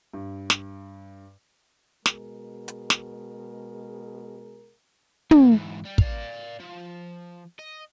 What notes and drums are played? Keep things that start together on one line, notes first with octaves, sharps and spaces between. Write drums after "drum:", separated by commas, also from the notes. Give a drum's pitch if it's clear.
G2
drum: snare
B2 G#3 G#4 A#4, drum: snare
drum: hi-hat
drum: snare
A#2 A#3, drum: tom
G#2 E3
G3
D5 F5, drum: kick
F3
D#5